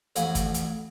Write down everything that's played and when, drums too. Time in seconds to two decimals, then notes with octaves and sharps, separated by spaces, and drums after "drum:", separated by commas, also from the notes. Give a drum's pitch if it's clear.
0.16 A1 F2 F#4 F5 G#5 B5, drum: hi-hat
0.35 drum: kick G1, hi-hat
0.54 drum: hi-hat